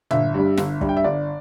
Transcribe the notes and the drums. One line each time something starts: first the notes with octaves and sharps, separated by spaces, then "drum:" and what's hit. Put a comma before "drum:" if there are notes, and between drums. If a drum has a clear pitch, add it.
G1 E5, drum: tom
G2 G3
G1, drum: snare
G2 G3, drum: kick
G5
E5
G1 D5